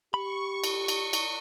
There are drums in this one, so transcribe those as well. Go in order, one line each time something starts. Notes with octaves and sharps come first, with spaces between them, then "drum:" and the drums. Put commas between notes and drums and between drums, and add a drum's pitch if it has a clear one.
G4 B5 C#6
drum: cymbal
drum: cymbal
drum: cymbal